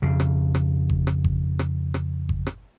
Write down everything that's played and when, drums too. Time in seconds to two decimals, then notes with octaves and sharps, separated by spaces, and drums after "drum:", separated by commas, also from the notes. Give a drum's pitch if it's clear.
0.02 F2 C#3
0.20 drum: rim click
0.55 drum: rim click
0.89 drum: kick G1
1.07 drum: rim click
1.24 drum: kick G1
1.59 drum: rim click
1.94 drum: rim click
2.29 drum: kick G1
2.47 drum: rim click